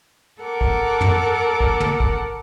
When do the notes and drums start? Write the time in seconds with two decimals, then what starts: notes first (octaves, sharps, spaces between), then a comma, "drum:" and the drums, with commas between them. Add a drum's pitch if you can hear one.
0.41 A4 A#4 F#5 D6
0.61 drum: kick
1.01 drum: tom
1.60 drum: kick
1.80 drum: tom
2.00 drum: kick